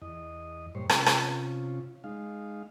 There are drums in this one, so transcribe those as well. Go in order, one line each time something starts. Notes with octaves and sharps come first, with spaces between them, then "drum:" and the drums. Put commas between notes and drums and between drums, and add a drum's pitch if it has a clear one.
E2 D#5
G2 A#2 G3 C5 C#5
C3 C#4 F4, drum: rim click
drum: rim click
G#3 D#4 F5